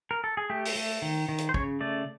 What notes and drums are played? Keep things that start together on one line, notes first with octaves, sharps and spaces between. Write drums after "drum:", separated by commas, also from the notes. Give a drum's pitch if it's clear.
A#4
A4
G#4
A3 G4
drum: open hi-hat
A3
D#3
D#3
drum: hi-hat
C5
C#3 C#5, drum: kick
A3 D5